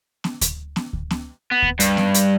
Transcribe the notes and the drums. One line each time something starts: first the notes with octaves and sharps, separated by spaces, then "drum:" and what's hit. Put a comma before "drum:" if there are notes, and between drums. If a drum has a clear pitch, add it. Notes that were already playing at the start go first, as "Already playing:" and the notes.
drum: snare B3
drum: kick D2, hi-hat
drum: snare B3
drum: kick D2
drum: snare B3
B3
drum: kick D2
G2, drum: hi-hat
drum: snare B3
drum: hi-hat